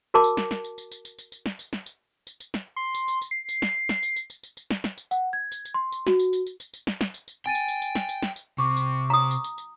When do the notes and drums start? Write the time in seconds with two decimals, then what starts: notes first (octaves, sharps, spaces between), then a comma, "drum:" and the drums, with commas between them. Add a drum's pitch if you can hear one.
0.14 F#4 A#4 A5 D6
0.24 drum: tambourine
0.37 drum: snare
0.51 drum: snare
0.64 drum: tambourine
0.78 drum: tambourine
0.91 drum: tambourine
1.05 drum: tambourine
1.19 drum: tambourine
1.32 drum: tambourine
1.46 drum: snare
1.59 drum: tambourine
1.73 drum: snare
1.86 drum: tambourine
2.27 drum: tambourine
2.40 drum: tambourine
2.54 drum: snare
2.76 C6
2.95 drum: tambourine
3.08 drum: tambourine
3.22 drum: tambourine
3.31 C7
3.49 drum: tambourine
3.62 drum: snare
3.89 drum: snare
4.03 drum: tambourine
4.16 drum: tambourine
4.30 drum: tambourine
4.43 drum: tambourine
4.57 drum: tambourine
4.71 drum: snare
4.84 drum: snare
4.98 drum: tambourine
5.11 F#5, drum: tambourine
5.33 G#6
5.52 drum: tambourine
5.65 drum: tambourine
5.74 C6
5.92 drum: tambourine
6.07 F#4, drum: snare
6.19 drum: tambourine
6.33 drum: tambourine
6.47 drum: tambourine
6.60 drum: tambourine
6.74 drum: tambourine
6.87 drum: snare
7.01 drum: snare
7.14 drum: tambourine
7.28 drum: tambourine
7.46 G5 G#5 A6 D#7
7.55 drum: tambourine
7.68 drum: tambourine
7.82 drum: tambourine
7.95 drum: snare
8.09 drum: tambourine
8.23 drum: snare
8.36 drum: tambourine
8.58 C3 C#6 D6
8.77 drum: tambourine
9.10 A#5 D#6
9.31 drum: tambourine
9.44 drum: tambourine
9.58 drum: tambourine